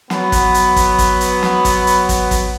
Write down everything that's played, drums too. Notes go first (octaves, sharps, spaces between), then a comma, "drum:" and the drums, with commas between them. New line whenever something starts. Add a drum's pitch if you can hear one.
F#3 B3, drum: snare
drum: kick, hi-hat
drum: hi-hat
drum: kick, hi-hat
drum: kick, hi-hat
drum: hi-hat
drum: snare
drum: kick, hi-hat
drum: hi-hat
drum: kick, hi-hat
drum: kick, hi-hat